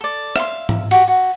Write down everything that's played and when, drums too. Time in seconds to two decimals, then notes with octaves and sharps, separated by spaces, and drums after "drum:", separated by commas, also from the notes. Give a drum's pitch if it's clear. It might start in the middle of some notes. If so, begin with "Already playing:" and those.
0.01 A4 D5
0.36 E5 F5 C6, drum: rim click
0.69 drum: tom G#2
0.91 F#4 G4, drum: cymbal
1.08 F#4